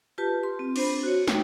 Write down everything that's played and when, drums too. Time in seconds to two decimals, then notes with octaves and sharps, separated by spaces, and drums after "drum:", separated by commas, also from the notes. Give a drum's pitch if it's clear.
0.18 F4 G4 B4 A5
0.43 C6
0.59 C4
0.76 D4 C5 B5, drum: cymbal
1.03 F#4 C#5
1.28 D#4 G5, drum: snare